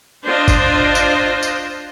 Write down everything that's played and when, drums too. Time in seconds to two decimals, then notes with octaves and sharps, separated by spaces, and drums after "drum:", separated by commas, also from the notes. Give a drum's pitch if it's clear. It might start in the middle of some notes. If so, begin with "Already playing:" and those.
0.24 D4 F4 C5 D#5
0.48 drum: kick G1, tambourine
0.95 drum: tambourine
1.43 drum: tambourine